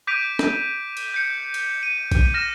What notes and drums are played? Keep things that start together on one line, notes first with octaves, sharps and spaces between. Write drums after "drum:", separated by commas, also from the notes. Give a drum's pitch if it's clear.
D6 G6 B6 D7 D#7 F7
drum: snare
drum: cymbal
G6 C#7
drum: cymbal
D#7
drum: kick A#1, cymbal
F6 A#6 E7